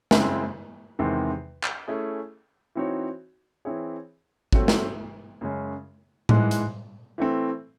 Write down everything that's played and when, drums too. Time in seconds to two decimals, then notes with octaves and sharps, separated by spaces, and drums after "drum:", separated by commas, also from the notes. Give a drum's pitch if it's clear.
0.11 F#2 C#3 G#3 C4 E4, drum: snare
0.99 E2 C3 D#3 G#3 C4
1.64 drum: clap
1.88 A3 C#4 E4 G#4
2.75 E3 C4 D#4 F#4 C#5
3.65 E3 C4 E4 G#4 C#5
4.52 A3 C4 F#4 C#5, drum: kick G#1
4.68 drum: snare
5.41 F#2 C#3 G#3 C#4
6.29 G#2 E3 G#3, drum: tom A2
6.51 drum: hi-hat
7.18 E3 A3 C4